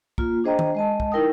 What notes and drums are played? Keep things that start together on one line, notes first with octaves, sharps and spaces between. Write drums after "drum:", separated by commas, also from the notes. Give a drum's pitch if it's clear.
A#3 F4, drum: kick
D4 G#4 C5 D#5 G5 A#5
drum: tom D#3
G#3 D#5 A5
drum: kick
D#4 E4 A#4 G5 D#6